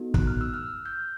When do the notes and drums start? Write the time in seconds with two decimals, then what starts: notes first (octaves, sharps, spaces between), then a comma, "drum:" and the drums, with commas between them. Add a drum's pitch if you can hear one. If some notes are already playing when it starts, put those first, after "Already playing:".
Already playing: B3 D#4 F#4 A4
0.14 F#6, drum: kick
0.27 F6
0.41 E6
0.54 F6
0.86 G6